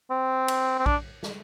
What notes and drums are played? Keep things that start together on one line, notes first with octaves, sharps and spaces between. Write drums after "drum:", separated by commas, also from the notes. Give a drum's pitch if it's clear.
C4
drum: cymbal
C4
D4, drum: kick A#1
drum: snare